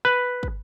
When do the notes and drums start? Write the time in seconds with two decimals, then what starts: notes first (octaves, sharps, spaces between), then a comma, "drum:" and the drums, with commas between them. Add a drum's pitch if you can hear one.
0.05 B4
0.43 drum: kick